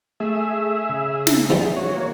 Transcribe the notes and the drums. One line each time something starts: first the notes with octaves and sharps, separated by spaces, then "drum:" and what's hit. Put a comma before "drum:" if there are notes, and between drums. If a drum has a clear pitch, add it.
A3 G#4 E5
C#3
drum: snare
E3 F3 G3 G#4
F#4 C#5
A#3